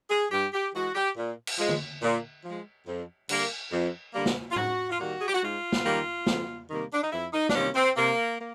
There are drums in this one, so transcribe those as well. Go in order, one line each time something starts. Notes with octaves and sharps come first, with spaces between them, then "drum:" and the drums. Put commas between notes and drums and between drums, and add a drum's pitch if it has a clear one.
G#4
G2 G4
G4
E3 G#3 F#4
G4
A#2
drum: cymbal
F3 G#3
drum: tom D3
A#2
F3
G#3
F2
D3 G3 A#3, drum: cymbal
F2
D3 G3 A#3
drum: snare
F4
G#2 F#4, drum: tom
F4
D#3 G3 A#3 F#4
G#4
G4
F#4
G#2 F4
drum: snare
D#3 G3 A#3
F2, drum: snare
C3 D#3 G3 A#3
D4
D#4
F2 E4
D#4
D4, drum: snare
C3 D#3 G3 A#3 C#4
C4
C3 A#3
A#3